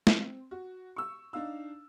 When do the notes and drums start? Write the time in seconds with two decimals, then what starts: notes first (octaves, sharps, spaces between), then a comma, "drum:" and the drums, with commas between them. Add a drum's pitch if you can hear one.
0.07 C4, drum: snare
0.51 F#4
0.96 C#6 E6
1.33 D4 D#4 F5 E6